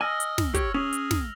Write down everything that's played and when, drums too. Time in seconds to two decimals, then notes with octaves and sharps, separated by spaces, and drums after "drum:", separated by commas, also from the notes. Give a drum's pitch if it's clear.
0.01 D#5 G#5 E6 F6 A#6
0.20 drum: hi-hat
0.38 drum: snare
0.54 G4 C#5, drum: kick, hi-hat
0.74 C#4 G#4 F7
0.93 drum: hi-hat
1.11 drum: snare